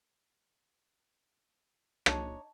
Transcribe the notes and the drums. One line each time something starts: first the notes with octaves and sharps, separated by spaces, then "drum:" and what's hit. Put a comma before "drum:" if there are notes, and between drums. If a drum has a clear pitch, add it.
D4 D#4 C#5 A5, drum: rim click